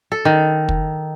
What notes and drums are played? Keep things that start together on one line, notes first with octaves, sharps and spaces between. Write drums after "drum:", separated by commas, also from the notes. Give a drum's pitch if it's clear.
A4
D#3
drum: kick